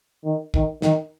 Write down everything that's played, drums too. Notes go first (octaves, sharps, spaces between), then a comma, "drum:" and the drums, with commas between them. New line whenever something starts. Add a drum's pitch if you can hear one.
D#3
D#3, drum: kick
D#3, drum: snare